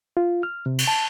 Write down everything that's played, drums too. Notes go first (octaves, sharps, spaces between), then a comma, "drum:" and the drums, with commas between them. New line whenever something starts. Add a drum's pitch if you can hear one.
F4
F6
C3
drum: cymbal
A5